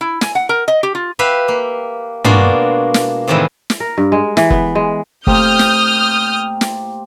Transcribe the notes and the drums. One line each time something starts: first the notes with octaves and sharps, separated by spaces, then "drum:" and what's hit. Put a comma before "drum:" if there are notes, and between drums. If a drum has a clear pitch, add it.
E4
G#5, drum: snare
F#5
A#4
D#5
G4
F4
G4 B4 E5 F5
A#3
B2 G#3 A#3 D4 F4 F#4, drum: tom
drum: snare
A2 C3 D#3 E3 G3 G#3
drum: snare
A#4
G2
G#3
E3, drum: snare
B3, drum: kick
G#3
A3 A#3 C4 G4 D#6 F6 G6, drum: kick
drum: snare
drum: snare